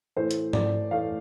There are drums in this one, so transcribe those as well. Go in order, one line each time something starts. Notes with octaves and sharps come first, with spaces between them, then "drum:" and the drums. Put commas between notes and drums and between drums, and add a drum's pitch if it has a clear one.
A2 E3 A3 C5
drum: hi-hat
D5, drum: tom G#2
A2 E3 A3 F5